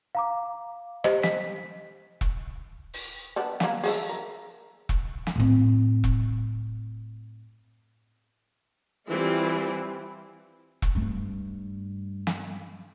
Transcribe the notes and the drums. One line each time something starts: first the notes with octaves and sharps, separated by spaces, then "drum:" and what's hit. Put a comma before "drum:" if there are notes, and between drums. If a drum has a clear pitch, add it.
F5 A#5 D6
G4 C5 D#5, drum: rim click
B6, drum: snare
drum: kick E1
drum: open hi-hat
G3 B3 D4
A#3 B3 F5, drum: snare
G#4 A4 E5, drum: open hi-hat
A#4
drum: kick E1
drum: snare
A2 C4
drum: kick E1
E3 G3 C4 E4 F4
drum: kick E1
G2 A3
drum: snare